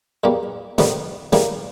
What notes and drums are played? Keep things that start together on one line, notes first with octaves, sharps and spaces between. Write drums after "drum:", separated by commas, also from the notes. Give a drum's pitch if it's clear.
E2 B2 G3 A#3
F2 C3 D#3 G3 B3, drum: snare
C#3 E3 G3 A#3, drum: snare